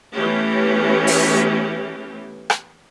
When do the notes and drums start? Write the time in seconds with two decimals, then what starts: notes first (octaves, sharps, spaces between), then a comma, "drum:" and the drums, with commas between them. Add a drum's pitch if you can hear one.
0.14 E3 A3 B3 C#4 G4
1.07 drum: open hi-hat
2.50 drum: rim click